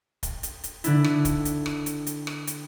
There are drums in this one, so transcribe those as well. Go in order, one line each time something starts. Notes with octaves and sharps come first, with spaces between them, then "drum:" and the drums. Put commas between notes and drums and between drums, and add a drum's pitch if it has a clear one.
drum: kick, hi-hat
drum: hi-hat
drum: hi-hat
D3 D4 E4, drum: hi-hat
drum: rim click
drum: kick, hi-hat
drum: hi-hat
drum: rim click
drum: hi-hat
drum: hi-hat
drum: rim click
drum: hi-hat